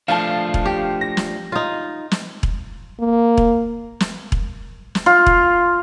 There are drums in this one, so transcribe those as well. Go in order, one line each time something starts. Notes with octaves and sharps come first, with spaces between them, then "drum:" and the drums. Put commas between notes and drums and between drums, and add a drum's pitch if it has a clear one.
F3 A3 D4 F5 A5
drum: kick E1
G4
A#6
drum: snare
D#4 F4
drum: snare
drum: kick E1
A#3
drum: kick E1
drum: snare
drum: kick E1
drum: snare
F4
drum: kick E1